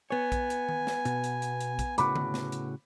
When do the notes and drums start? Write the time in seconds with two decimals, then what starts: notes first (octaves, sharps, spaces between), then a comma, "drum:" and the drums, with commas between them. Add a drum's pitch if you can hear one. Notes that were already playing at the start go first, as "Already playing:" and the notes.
0.10 B3 C#5 G#5
0.32 drum: kick A#1, hi-hat
0.50 drum: hi-hat
0.69 drum: tom D#3
0.87 drum: snare
1.05 B2, drum: hi-hat
1.24 drum: hi-hat
1.42 drum: hi-hat
1.60 drum: hi-hat
1.79 drum: kick A#1, hi-hat
1.98 A2 C#3 F#4 B5 D6, drum: hi-hat
2.16 drum: tom D3
2.34 drum: snare
2.52 drum: hi-hat